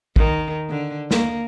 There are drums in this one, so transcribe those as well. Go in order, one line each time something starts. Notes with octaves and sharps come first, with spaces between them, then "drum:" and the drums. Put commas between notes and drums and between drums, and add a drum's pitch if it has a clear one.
D#3, drum: kick
D3
A#3, drum: snare